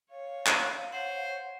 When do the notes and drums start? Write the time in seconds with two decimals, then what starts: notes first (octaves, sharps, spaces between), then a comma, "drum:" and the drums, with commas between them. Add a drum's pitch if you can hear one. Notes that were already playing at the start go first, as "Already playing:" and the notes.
0.11 C#5 F5
0.47 drum: clap
0.92 C5 C#5 F#5